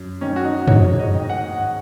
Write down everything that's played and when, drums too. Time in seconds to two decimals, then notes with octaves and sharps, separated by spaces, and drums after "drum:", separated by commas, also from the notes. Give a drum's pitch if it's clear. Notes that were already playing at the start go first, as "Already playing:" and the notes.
Already playing: F#2
0.21 D#3 C#4
0.36 F#4
0.44 D#4
0.67 G#2 C#5, drum: tom F#2
0.99 D#5
1.14 D#3
1.29 F#5